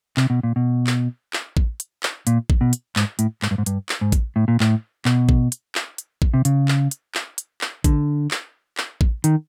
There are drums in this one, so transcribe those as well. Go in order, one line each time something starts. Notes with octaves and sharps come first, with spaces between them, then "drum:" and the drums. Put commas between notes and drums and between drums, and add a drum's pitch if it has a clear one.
C3, drum: clap
B2
A#2
B2
drum: clap
drum: clap
drum: kick A1
drum: hi-hat
drum: clap
A#2, drum: hi-hat
drum: kick A1
B2
drum: hi-hat
G#2, drum: clap
A2, drum: hi-hat
G#2, drum: clap
G2
G#2
G2, drum: hi-hat
drum: clap
G#2
drum: kick A1, hi-hat
A2
A#2
A2, drum: clap
B2, drum: clap
drum: kick A1
drum: hi-hat
drum: clap
drum: hi-hat
drum: kick A1
C3
C#3, drum: hi-hat
drum: clap
drum: hi-hat
drum: clap
drum: hi-hat
drum: clap
D3, drum: kick A1, hi-hat
drum: clap
drum: clap
drum: kick A1
D#3, drum: hi-hat